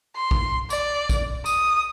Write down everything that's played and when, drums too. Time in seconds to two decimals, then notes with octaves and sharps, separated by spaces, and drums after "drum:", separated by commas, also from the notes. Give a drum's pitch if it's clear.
0.16 C6
0.31 drum: kick
0.70 D5, drum: tambourine
1.09 drum: kick, tambourine
1.46 D#6, drum: tambourine